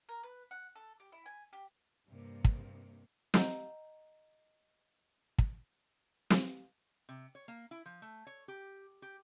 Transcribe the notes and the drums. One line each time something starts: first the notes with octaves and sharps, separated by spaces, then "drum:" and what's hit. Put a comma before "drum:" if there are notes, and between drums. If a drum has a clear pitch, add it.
A#4
B4
F#5
A4
G4
E4
G#5
G4
G2 C3 A#3
drum: kick
D#5 F#5 A#5 E6 G6, drum: snare
drum: kick
drum: snare
C3
C#5
A#3
E4
F3
A3
C#5
G4
G4